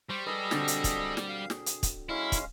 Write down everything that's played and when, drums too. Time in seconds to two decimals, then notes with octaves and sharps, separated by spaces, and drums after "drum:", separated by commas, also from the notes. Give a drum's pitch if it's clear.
0.09 G3 C5 C#6
0.26 G#4 A4 B4 D#5
0.51 B2 D3 C4, drum: snare
0.68 drum: hi-hat
0.84 drum: kick, hi-hat
1.17 drum: snare
1.29 F5
1.50 G#4, drum: snare
1.66 drum: hi-hat
1.83 drum: kick, hi-hat
2.09 G#3 C#4 E4 F5
2.32 drum: kick, hi-hat